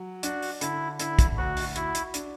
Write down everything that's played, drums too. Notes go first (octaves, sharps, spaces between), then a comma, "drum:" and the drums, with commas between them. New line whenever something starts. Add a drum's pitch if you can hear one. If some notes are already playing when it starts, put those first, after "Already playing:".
Already playing: F#3
D4 F#4, drum: hi-hat
drum: open hi-hat
D3 E4, drum: hi-hat
D3 E4, drum: hi-hat
drum: kick, hi-hat
D2 F#4
drum: open hi-hat
E4 F#4, drum: hi-hat
drum: hi-hat
D4, drum: hi-hat